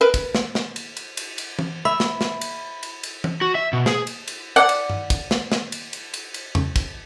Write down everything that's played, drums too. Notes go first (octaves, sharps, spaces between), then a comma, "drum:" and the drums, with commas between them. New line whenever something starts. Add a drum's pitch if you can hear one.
A#4 B4
drum: kick, cymbal
drum: snare
drum: snare
drum: cymbal
drum: cymbal
drum: cymbal
drum: cymbal
drum: tom
E5 B5
drum: snare
drum: snare
drum: cymbal
drum: cymbal
drum: cymbal
drum: tom
F#4
E5
B2
G#4, drum: snare
drum: cymbal
drum: cymbal
D5 F#5
drum: cymbal
drum: tom G2
drum: kick, cymbal
drum: snare
drum: snare
drum: cymbal
drum: cymbal
drum: cymbal
drum: cymbal
drum: tom E2
drum: kick, cymbal